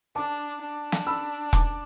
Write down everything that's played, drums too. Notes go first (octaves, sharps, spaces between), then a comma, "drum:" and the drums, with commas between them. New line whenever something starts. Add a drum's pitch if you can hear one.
D4 A5 D6
D4
drum: snare
B5 E6
A5 D6, drum: kick E1